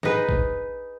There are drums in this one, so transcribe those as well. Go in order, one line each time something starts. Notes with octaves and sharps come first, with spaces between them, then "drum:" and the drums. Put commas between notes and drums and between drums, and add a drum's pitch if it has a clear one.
D#4 G#4 B4, drum: snare
drum: kick A#1